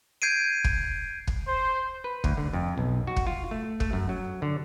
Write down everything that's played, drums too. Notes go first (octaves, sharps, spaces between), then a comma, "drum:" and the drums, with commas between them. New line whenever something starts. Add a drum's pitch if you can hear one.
G6 G#6 C7 D7 D#7
drum: kick
drum: kick
C5
B4
D2, drum: kick
D3
F2
B1
F#4
drum: kick
F4
A3
A3, drum: kick
F#2
F#3
D3